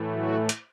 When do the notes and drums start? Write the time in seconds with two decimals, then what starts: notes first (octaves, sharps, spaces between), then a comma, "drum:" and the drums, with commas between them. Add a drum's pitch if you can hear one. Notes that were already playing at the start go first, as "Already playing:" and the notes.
Already playing: A2 E3 A3
0.12 F#3 F#4
0.49 drum: hi-hat